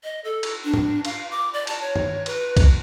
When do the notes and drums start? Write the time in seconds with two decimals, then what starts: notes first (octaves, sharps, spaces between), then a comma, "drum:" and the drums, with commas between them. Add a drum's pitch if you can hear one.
0.04 D#5
0.25 A4
0.43 drum: cymbal
0.65 D4
0.74 drum: tom A2
1.05 F5, drum: cymbal
1.31 D6
1.53 D5
1.67 A5, drum: cymbal
1.81 C#5
1.96 drum: tom G2
2.26 B4, drum: cymbal
2.57 drum: kick, cymbal